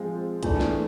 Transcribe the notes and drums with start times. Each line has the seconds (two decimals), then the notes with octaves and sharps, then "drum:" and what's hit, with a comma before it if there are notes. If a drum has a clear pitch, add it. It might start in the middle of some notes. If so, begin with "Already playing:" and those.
Already playing: F3 G#3 C4 F4
0.43 E3 A3 D4, drum: kick B1, hi-hat
0.61 drum: snare